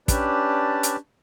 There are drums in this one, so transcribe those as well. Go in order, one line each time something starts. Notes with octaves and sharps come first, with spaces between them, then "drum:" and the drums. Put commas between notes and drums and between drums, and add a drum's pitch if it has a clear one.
C#4 D4 G4 B4 D5 A5, drum: kick, hi-hat
drum: hi-hat